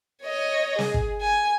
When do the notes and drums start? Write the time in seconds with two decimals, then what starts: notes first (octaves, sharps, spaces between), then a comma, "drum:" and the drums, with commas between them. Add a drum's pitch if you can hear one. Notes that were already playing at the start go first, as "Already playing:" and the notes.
0.23 C#5 D#5
0.79 G#4, drum: snare
0.94 drum: kick
1.21 G#5